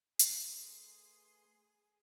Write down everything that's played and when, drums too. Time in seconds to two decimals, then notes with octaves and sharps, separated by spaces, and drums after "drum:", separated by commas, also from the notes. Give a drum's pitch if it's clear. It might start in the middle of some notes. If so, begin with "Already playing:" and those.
0.19 A3 G#4 B4 C6 D#6, drum: hi-hat